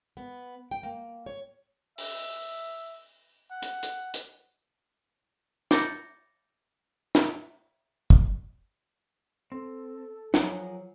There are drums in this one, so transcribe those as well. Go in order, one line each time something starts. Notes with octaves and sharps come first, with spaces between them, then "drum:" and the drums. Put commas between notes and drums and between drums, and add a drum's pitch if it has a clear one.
B3
G5
A#3
C#5
E5, drum: open hi-hat
F#5
drum: hi-hat
drum: hi-hat
drum: hi-hat
D6 G6 A6 A#6 C#7, drum: snare
drum: snare
drum: kick
C4 A4
F3 F#3 G#4 A#4 F#5, drum: snare